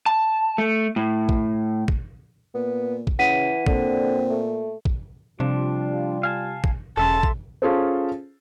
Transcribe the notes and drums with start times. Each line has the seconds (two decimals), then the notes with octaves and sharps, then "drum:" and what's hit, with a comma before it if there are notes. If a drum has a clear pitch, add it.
0.06 A5
0.58 A3
0.96 A2
1.29 drum: kick
1.88 drum: kick
2.55 A#2 B3
3.07 drum: kick
3.19 C#3 E3 F#5 B6 D#7
3.67 A#2 D3 C4, drum: kick
4.30 A3
4.85 drum: kick
5.40 C3 F3 G3 D4 F4
6.23 F5 G#5 A5
6.64 drum: kick
6.97 E1 C#3 A4 E5 A5 C6
7.23 drum: kick
7.62 C#4 F4 G#4 A4 C5